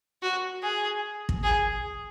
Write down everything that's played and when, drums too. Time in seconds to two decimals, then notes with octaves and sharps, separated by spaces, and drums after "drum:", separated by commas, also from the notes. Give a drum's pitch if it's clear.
0.22 F#4
0.63 G#4
1.29 drum: kick
1.43 G#4